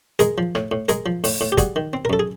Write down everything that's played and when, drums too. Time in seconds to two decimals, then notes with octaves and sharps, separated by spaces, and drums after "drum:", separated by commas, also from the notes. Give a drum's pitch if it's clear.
0.19 G#3 G#4 A#4, drum: hi-hat
0.38 F3
0.55 A2, drum: rim click
0.71 A2
0.88 G#3 G#4 A#4, drum: hi-hat
1.06 F3
1.24 A2, drum: open hi-hat
1.41 A2
1.52 G4
1.58 G3 F#4 G#4, drum: kick, hi-hat
1.76 D#3
1.93 C4
2.05 A#4
2.10 F#2 A4
2.19 G#4